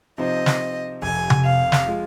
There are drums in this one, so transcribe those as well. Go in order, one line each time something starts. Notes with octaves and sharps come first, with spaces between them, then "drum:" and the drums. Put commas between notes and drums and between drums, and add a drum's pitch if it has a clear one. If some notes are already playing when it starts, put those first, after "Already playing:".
C3 F3 C4 D#4 C5 D#5
drum: snare
F1 F2 C3 G#5
drum: tom C3
F5
drum: snare
F3 G#3 F4